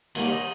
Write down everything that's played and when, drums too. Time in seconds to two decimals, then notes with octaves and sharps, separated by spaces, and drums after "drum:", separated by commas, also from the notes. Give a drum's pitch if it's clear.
0.15 G2 D#3 A#3 G#5, drum: cymbal
0.30 D#5